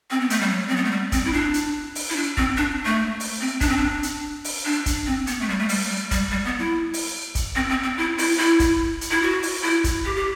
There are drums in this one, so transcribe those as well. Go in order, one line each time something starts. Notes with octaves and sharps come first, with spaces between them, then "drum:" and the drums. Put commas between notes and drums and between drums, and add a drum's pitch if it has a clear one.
C4
B3
A3, drum: hi-hat
G3
F#3
C4
B3
A3
G3
C4, drum: kick, hi-hat
E4
D4
drum: hi-hat
drum: open hi-hat
E4
D4
C4, drum: kick
D4
A3
drum: open hi-hat
C4
D4, drum: kick, hi-hat
C4
D4
drum: hi-hat
drum: open hi-hat
D4
drum: kick, hi-hat
C4
B3, drum: hi-hat
A3
G3
A3
G3, drum: open hi-hat
G3
G3, drum: kick, hi-hat
G3
B3
E4
drum: open hi-hat
drum: kick, hi-hat
C4
C4
C4
E4
E4, drum: open hi-hat
E4
drum: kick, hi-hat
drum: hi-hat
E4
F#4
drum: open hi-hat
E4
drum: kick, hi-hat
G4
G4